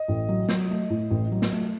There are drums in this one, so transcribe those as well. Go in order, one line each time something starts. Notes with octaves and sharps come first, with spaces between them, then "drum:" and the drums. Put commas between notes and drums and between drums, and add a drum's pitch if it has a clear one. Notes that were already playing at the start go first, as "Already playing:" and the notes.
Already playing: D#5
A1
F#3
F#3, drum: snare
A3
A2
A1
F#3
drum: snare
A3